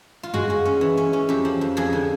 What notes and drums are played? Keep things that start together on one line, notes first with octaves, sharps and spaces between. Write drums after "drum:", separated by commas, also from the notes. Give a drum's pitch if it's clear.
F4
G#3 F#4, drum: tom F#2
G#3
C#4
E3
C#4
C#4
F2 G4
F3
F2
F2 G#4
D3